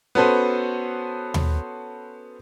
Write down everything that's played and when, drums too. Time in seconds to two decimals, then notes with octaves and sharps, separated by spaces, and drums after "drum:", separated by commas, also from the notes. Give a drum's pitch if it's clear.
0.15 B3 C#4 F#4 A4 B4 C5
1.34 drum: tom D#2